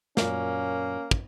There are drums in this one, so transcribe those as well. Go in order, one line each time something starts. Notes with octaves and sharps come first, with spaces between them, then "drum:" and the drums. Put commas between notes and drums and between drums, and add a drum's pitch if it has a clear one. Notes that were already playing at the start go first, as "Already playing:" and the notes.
F#2 A#2 A#3 C#4, drum: snare
drum: kick